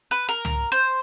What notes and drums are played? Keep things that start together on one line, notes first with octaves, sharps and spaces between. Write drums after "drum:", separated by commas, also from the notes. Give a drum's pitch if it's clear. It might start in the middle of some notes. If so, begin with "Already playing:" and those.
B4
A#4
drum: tom
C5